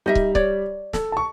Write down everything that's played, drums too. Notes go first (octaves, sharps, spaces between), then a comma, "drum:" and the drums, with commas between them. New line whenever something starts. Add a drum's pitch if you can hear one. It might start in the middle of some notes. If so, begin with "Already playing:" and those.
G3 D#4 D#5 E5
drum: kick
C#5 D5, drum: kick
A4, drum: snare
A5 C#6